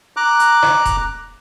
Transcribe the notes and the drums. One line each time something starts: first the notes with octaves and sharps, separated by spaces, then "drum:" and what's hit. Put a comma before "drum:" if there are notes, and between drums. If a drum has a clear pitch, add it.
A#5 D6 F#6
drum: hi-hat
drum: rim click
drum: kick E1, hi-hat